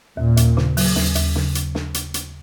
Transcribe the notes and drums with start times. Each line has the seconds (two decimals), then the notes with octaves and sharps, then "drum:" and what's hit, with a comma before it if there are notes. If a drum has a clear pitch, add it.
0.17 D#2 A#2
0.37 D#2, drum: hi-hat
0.57 C#3, drum: snare
0.77 F#3, drum: open hi-hat
0.96 D#2, drum: snare
1.15 D#2, drum: hi-hat
1.35 C#3, drum: snare
1.55 drum: hi-hat
1.75 drum: snare
1.94 drum: hi-hat
2.14 drum: hi-hat